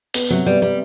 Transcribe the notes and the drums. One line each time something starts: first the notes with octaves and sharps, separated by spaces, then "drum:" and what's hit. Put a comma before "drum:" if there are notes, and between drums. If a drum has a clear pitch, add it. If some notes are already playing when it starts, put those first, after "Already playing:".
B3, drum: open hi-hat
C3 F#3
G3 B3
G3 B3